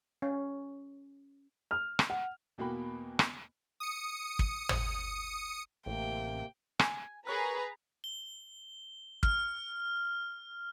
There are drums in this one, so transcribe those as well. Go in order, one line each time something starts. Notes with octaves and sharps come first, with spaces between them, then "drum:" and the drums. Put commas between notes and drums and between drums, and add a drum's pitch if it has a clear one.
C#4
F6
drum: rim click
F#5
E2 B2 A#3 F#4 G5 B5
drum: rim click
D#6 C#7
drum: kick
drum: tom G#1
A1 C3 A#3 G5
G#5, drum: rim click
G#4 A#4 B4 C#5 A#5 F#6
G7
F6, drum: kick